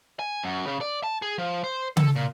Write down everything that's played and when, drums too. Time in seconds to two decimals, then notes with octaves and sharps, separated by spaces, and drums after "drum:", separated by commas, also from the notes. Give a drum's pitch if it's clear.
0.19 G#5
0.44 F#2
0.67 C#3
0.81 D5
1.04 A5
1.22 G#4
1.38 F3
1.64 C5
1.97 A4, drum: tom C#3
2.16 A#2